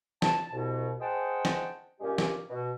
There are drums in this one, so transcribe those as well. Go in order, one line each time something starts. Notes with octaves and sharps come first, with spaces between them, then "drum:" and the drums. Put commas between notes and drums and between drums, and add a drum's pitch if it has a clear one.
A5, drum: snare
C2 B2
G#4 C5 D#5 F#5 G5 A5
drum: snare
G2 A#2 G#3 C#4 G4
drum: snare
B2